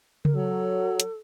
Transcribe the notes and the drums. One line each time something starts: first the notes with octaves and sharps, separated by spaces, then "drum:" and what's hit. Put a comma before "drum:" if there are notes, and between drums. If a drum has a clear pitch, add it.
A#4, drum: tom C#3
F#3 A4
drum: hi-hat